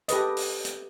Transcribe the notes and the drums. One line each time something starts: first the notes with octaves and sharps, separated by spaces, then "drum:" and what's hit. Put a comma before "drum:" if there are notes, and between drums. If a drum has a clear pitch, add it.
G4 A4 B4 D#5, drum: hi-hat
drum: open hi-hat
drum: hi-hat